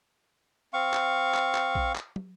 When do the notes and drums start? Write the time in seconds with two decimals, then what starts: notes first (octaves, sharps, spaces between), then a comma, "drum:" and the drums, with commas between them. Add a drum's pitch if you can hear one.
0.73 C4 F5 C#6
0.94 drum: clap
1.34 drum: clap
1.55 drum: clap
1.75 drum: kick A#1
1.96 drum: clap
2.16 drum: tom